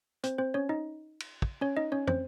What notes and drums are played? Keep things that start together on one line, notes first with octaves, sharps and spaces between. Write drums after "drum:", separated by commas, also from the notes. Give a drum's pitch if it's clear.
C4 C5, drum: hi-hat
C4 C5
C#4 C#5
D#4 D#5
drum: cymbal
drum: kick
C#4 C#5
D#4 D#5
C#4 C#5
C4 C5, drum: tom